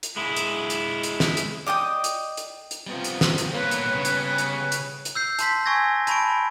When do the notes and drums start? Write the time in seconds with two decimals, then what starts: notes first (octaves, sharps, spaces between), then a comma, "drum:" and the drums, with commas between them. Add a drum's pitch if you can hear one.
0.03 drum: hi-hat
0.16 G#3 E4
0.36 drum: hi-hat
0.70 drum: hi-hat
1.03 drum: hi-hat
1.20 drum: snare
1.37 drum: hi-hat
1.66 D5 D#5 G5 D#6
2.04 drum: hi-hat
2.37 drum: hi-hat
2.71 drum: hi-hat
2.87 C3 F3 G3 B3 F4
3.04 drum: hi-hat
3.21 drum: snare
3.38 drum: hi-hat
3.55 A#3 F4 B4 C#5
3.71 drum: hi-hat
3.95 C#3
4.05 drum: hi-hat
4.38 drum: hi-hat
4.72 drum: hi-hat
5.05 drum: hi-hat
5.15 E6 G6 C7
5.39 A5 C6 B6, drum: hi-hat
5.66 G#5 C#6 E6 G#6 A#6
6.07 A5 B5 C#6 D7, drum: hi-hat